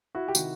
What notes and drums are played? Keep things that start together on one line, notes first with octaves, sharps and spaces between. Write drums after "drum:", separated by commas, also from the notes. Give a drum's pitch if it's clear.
E4 F#4
G4
C3 D#3 E4 F#4, drum: tambourine